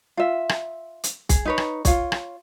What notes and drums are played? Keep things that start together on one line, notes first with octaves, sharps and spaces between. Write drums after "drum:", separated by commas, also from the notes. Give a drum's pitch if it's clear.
F4 E5
drum: rim click
drum: hi-hat
G#4, drum: kick B1, hi-hat
D#4 B4 C#5
drum: rim click
F4 C#5, drum: kick B1, hi-hat
drum: rim click